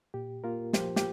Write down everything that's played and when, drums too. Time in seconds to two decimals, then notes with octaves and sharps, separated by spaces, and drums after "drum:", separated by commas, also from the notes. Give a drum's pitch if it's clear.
0.14 A#2 G4
0.44 A#3 F4 A#4
0.73 F3 G4 C5, drum: snare
0.96 G4, drum: snare